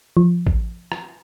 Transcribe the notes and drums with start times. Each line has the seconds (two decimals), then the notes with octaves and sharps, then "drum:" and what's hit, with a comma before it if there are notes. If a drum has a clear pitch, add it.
0.17 F3
0.47 drum: kick
0.92 drum: rim click